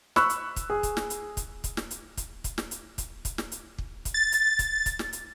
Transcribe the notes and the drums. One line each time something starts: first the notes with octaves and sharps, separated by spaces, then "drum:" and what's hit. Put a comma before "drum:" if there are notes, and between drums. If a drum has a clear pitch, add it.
B5 C#6 E6 F#6, drum: snare
drum: hi-hat
drum: kick, hi-hat
G#4
drum: kick, hi-hat
drum: snare
drum: hi-hat
drum: kick, hi-hat
drum: kick, hi-hat
drum: snare
drum: hi-hat
drum: kick, hi-hat
drum: kick, hi-hat
drum: snare
drum: hi-hat
drum: kick, hi-hat
drum: kick, hi-hat
drum: snare
drum: hi-hat
drum: kick
drum: kick, hi-hat
A6
drum: hi-hat
drum: kick, hi-hat
drum: kick, hi-hat
drum: snare
drum: hi-hat